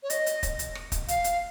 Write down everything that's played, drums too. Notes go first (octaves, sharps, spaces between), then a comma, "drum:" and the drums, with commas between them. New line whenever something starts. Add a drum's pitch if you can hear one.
C#5
D#5, drum: hi-hat
drum: hi-hat
drum: kick, hi-hat
drum: hi-hat
drum: rim click
drum: kick, hi-hat
F5, drum: hi-hat
drum: hi-hat